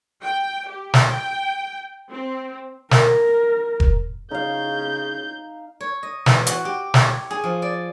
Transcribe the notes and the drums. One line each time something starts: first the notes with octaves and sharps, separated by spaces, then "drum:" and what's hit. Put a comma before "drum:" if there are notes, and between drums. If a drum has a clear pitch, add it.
G5
G4
drum: snare
G5
C4
A#4, drum: snare
drum: kick E1
C#3 D#4 F5 G6
C#5
D#5
E3, drum: snare
F#4, drum: hi-hat
G4
C#5, drum: snare
G#4
F3
D5